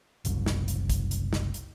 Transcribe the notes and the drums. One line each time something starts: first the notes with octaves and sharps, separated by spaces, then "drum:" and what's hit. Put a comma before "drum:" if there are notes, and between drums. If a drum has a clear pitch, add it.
F#1 C2, drum: hi-hat
drum: snare
drum: hi-hat
drum: kick, hi-hat
drum: hi-hat
drum: snare
drum: hi-hat